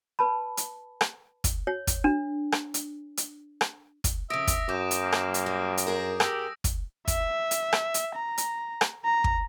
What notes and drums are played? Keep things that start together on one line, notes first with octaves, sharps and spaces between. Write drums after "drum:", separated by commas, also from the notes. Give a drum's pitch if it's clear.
B4 A5 B5
drum: hi-hat
drum: rim click
drum: kick, hi-hat
C#5
drum: kick, hi-hat
D4
drum: rim click
drum: hi-hat
drum: hi-hat
drum: rim click
drum: kick, hi-hat
F2 C#3 E5 D#6 A#6 D7
drum: kick, hi-hat
F#2 F#3 D6 G6 E7
drum: hi-hat
A#3
drum: rim click
drum: hi-hat
G3
drum: hi-hat
G2 G#4 A#4
G4 E6 A#6, drum: rim click
drum: kick, hi-hat
E5, drum: kick, hi-hat
drum: hi-hat
drum: rim click
drum: hi-hat
A#5
drum: hi-hat
drum: rim click
A#5
drum: kick